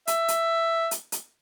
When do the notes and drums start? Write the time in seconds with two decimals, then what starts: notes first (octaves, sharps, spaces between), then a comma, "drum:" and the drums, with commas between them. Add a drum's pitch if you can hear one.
0.07 E5, drum: hi-hat
0.28 drum: hi-hat
0.91 drum: hi-hat
1.12 drum: hi-hat